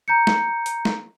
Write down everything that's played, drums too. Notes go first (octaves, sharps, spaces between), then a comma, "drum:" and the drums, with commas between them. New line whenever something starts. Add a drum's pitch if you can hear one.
A#5 G6 C#7
drum: snare
drum: hi-hat
drum: snare